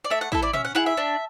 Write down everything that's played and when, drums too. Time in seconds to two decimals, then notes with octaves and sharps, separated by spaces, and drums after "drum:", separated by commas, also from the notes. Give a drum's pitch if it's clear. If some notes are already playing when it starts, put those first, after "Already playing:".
0.04 D5
0.10 A3 E5
0.21 F#5
0.32 E4 A4 E5, drum: kick
0.42 D5
0.53 C#4 E5, drum: tom
0.65 F#5
0.75 E4 G#4 F#5
0.86 E5
0.97 D4